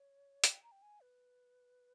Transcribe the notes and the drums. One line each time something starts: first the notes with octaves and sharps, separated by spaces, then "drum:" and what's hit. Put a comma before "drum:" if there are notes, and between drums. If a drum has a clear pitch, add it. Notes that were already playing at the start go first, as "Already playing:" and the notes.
Already playing: C#5
G5, drum: hi-hat
A#5
G5
G#5
B4